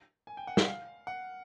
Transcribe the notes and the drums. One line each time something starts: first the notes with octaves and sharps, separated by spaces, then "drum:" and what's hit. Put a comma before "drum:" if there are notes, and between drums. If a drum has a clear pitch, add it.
G#5
G5
F#5
F5, drum: snare
F5
F#5